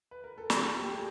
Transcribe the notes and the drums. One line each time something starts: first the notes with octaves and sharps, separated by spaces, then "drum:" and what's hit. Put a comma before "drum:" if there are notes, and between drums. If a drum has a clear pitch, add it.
B4
A#4
A4
G#4, drum: snare
A4
G4
G#4